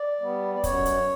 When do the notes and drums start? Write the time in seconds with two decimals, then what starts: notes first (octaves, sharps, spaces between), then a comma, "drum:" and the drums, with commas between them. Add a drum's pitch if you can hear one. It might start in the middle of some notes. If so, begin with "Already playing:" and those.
Already playing: D5
0.21 G3 B3
0.55 D5
0.64 F#2 C#5, drum: kick, hi-hat
0.85 drum: hi-hat